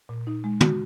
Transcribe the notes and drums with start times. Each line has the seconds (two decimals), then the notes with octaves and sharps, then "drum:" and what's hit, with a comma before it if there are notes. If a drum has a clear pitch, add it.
0.09 A#2
0.27 D#4
0.44 G#3
0.60 F#4, drum: tom